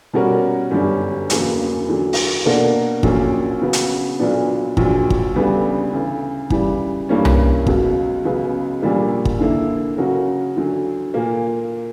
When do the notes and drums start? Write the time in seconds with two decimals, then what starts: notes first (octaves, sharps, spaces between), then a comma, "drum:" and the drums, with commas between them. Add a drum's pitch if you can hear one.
0.13 B2 G3 C#4 F#4 A#4
0.71 G1 F#2 D3 G3 C#4
1.30 E1 E2 C#3 F#3 A#3, drum: hi-hat
1.88 D2 D3 F#3
2.13 drum: open hi-hat
2.46 B2 A#3 D4 F#4 A#4
3.03 A#1 A#2 F#3 A#3 C#4, drum: kick
3.61 C#3 F#3 B3 F#4
3.73 drum: hi-hat
4.19 B1 A#2 F#3 B3 D4
4.77 A#1 A#2 F#3, drum: kick
5.10 drum: kick
5.35 D2 C#3 G3 B3 D4
5.93 D2 C#3 E3
6.50 C#3 E3 G3, drum: kick
7.09 G2 E3 G3 A#3 C#4
7.25 drum: tom C2
7.67 C#2 B2 F#3, drum: kick
8.25 C#2 C#3 F#3 B3
8.82 A#1 A#2 G3 A#3
9.25 drum: kick
9.40 D3 A#3 E4
9.98 C#3 F#3 C#4 F#4 A#4
10.57 D2 D3 F#3
11.14 A#2 A#3